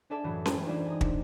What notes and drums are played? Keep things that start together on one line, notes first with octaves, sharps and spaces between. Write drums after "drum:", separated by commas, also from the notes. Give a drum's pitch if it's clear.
D4 G#4 A4 D5 E5 A5
F#2 A2 E3 F#3
E4 G4 A4 C5 G#5 A#5, drum: snare C#4
D4 D#4 F4 G#4 D5 E5
G#5 A#5 D#6
A3 C4 D4, drum: kick